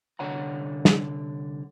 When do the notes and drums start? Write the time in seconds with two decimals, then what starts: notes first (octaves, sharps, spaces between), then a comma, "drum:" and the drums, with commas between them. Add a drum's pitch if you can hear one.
0.19 C2 D3 C#5 F#5 A#5
0.85 drum: snare